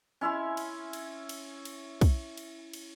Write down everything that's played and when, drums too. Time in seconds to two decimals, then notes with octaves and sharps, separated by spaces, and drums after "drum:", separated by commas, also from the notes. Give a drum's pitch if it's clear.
0.21 C#4 E4 E5 C6
0.57 drum: cymbal
0.93 drum: cymbal
1.29 drum: cymbal
1.65 drum: cymbal
2.01 drum: kick, cymbal
2.37 drum: cymbal
2.73 drum: cymbal